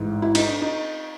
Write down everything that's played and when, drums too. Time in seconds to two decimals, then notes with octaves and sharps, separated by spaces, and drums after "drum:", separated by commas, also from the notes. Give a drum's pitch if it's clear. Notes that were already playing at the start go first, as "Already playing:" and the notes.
Already playing: A1 G#2 E3
0.22 E4
0.35 D#4, drum: cymbal
0.48 D4
0.62 D#4